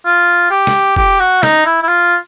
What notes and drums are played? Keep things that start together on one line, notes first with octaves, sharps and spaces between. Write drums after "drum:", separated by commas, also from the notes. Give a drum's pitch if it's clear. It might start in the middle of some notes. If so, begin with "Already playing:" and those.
F4
G4
drum: snare
G4, drum: kick
F#4
D#4, drum: snare
E4
E4
F4